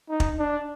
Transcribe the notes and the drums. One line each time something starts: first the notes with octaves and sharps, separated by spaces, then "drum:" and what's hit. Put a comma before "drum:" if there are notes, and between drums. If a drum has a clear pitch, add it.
D#4
drum: kick
D4